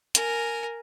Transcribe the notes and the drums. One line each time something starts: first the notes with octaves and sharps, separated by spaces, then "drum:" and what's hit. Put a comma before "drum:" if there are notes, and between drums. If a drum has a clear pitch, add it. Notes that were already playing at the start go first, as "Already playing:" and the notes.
A#4 G#5, drum: hi-hat